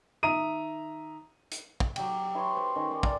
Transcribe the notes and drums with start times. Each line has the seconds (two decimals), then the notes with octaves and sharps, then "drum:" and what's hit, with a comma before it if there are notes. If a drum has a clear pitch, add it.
0.23 D#3 E5 A#5 D#6 D#7
1.51 drum: hi-hat
1.80 drum: kick
1.96 F#3 G4 G5, drum: cymbal
2.35 E4 B4 C#5 C6
2.57 C5
2.76 D#3 C#4
2.91 C6 D6
3.03 A#4 D5, drum: kick